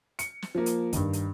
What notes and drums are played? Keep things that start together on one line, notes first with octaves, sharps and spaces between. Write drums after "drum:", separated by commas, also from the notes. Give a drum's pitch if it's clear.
C#7, drum: hi-hat
drum: snare
F3 A#3
drum: hi-hat
G2 D#3, drum: kick, hi-hat
drum: hi-hat